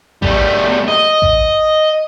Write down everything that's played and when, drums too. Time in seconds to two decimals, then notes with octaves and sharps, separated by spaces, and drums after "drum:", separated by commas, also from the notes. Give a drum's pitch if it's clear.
0.22 G3 A3, drum: kick A1
0.88 D#5
1.22 drum: kick A1